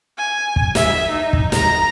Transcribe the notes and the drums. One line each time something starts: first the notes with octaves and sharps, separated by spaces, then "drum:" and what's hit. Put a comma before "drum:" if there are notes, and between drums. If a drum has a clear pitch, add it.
G#5
drum: kick
E5, drum: snare
D#4
drum: kick
A#5, drum: snare